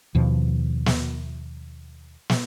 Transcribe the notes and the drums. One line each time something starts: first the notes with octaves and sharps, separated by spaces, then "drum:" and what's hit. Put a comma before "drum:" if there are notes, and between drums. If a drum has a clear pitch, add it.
D#2 B2 F3
drum: snare
drum: snare